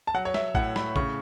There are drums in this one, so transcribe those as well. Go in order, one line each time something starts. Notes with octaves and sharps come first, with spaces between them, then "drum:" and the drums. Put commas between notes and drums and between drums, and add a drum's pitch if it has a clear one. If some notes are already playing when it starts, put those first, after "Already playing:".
A5
F#3 F#5
C#5
E5, drum: snare
A2 F#5, drum: kick A1
B5, drum: snare
C#3 C#6, drum: kick A1